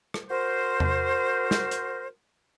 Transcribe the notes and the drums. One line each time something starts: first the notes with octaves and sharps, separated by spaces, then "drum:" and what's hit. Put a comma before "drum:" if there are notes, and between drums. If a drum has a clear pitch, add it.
drum: rim click
F#4 A#4 C5
drum: tom E2
drum: snare
drum: hi-hat